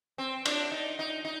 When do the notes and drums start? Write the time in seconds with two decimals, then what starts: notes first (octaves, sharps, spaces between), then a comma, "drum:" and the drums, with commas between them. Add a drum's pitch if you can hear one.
0.18 C4
0.45 D4, drum: cymbal
0.72 D#4
0.99 D#4
1.25 D#4